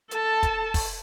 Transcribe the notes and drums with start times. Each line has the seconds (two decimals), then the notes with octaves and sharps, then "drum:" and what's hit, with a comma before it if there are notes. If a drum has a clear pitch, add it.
0.11 A4 A5, drum: hi-hat
0.43 drum: kick, hi-hat
0.74 drum: kick, open hi-hat